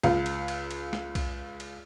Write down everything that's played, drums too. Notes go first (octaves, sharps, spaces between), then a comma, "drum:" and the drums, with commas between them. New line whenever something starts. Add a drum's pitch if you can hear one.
C#2 F5, drum: cymbal
drum: cymbal
drum: cymbal
drum: cymbal
drum: snare
drum: kick B1, cymbal
drum: cymbal